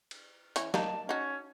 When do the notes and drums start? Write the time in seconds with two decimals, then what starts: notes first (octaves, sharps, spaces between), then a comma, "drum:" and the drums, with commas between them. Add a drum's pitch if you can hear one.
0.11 drum: cymbal
0.56 E3 C#4, drum: hi-hat
0.74 G3 A#3 D#4 A5, drum: snare
1.09 C#4 D#4 F#4